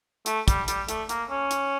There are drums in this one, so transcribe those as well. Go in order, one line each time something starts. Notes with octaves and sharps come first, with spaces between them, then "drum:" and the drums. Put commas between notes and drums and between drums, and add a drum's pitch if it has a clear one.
A3, drum: hi-hat
G3, drum: kick, hi-hat
G3, drum: hi-hat
A3, drum: hi-hat
A#3, drum: hi-hat
C#4
drum: hi-hat